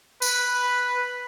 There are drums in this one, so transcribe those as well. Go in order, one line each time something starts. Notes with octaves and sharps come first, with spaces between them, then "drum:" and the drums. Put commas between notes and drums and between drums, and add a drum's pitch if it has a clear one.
B4, drum: tambourine